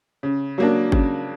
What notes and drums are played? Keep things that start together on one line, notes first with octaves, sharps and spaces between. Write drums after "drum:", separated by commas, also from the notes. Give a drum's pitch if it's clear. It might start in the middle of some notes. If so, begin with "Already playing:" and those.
C#3
F#3 A#3 D4
C#3, drum: kick G1